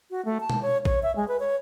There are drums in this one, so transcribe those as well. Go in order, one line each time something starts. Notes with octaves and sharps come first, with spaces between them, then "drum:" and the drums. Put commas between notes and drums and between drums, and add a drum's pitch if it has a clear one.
F#4
A3
A5
drum: tom B2
C#5
C#5, drum: kick
E5
G#3
B4
C#5